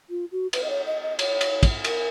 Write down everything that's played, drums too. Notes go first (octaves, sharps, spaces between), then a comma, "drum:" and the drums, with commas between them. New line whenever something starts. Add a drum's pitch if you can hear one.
F4
F#4
B4, drum: cymbal
D#5
C#5
D#5
D#5
C#5, drum: cymbal
drum: cymbal
drum: kick, cymbal
A#4, drum: cymbal